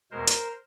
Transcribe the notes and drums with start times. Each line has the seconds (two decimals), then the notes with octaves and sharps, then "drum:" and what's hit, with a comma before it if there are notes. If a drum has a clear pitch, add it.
0.11 E2 B2 G#3 A#4 C5
0.28 drum: hi-hat